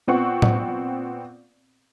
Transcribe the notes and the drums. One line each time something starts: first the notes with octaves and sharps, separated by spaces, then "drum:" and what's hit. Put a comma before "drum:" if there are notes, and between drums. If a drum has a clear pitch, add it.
A#2 B3 C4 F#5 C#6
drum: tom A2